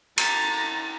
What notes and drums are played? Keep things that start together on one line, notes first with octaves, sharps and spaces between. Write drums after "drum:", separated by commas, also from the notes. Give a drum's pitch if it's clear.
A#5 A6, drum: cymbal